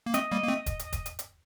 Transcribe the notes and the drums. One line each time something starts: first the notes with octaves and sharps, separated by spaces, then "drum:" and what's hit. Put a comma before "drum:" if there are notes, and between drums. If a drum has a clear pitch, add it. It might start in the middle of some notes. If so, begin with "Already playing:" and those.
A#3
A3 C4 D#5, drum: hi-hat
G3 A#3
A#3
A3 C4
drum: kick D#1, hi-hat
drum: hi-hat
drum: kick D#1, hi-hat
drum: hi-hat
drum: hi-hat